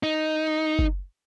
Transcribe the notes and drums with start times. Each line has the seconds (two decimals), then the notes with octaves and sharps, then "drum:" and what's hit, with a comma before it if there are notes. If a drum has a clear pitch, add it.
0.03 D#4
0.79 drum: kick F#1